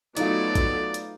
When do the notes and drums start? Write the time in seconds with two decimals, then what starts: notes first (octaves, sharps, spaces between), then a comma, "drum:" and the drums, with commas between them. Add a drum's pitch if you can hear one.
0.17 F#3 A3 B3 D#4 F4 D5, drum: hi-hat
0.55 drum: kick A1, hi-hat
0.94 drum: hi-hat